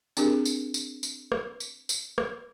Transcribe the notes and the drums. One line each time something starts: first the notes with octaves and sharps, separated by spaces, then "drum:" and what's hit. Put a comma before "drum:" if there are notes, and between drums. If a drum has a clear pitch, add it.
C4 D4 G4 G#4 A#4, drum: tambourine
drum: tambourine
drum: tambourine
drum: tambourine
drum: rim click
drum: tambourine
drum: tambourine
drum: rim click